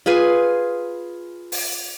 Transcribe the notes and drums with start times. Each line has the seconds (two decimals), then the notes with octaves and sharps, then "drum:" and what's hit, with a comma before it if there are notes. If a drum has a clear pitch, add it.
0.06 F4 G#4 B4 G#5
1.52 drum: open hi-hat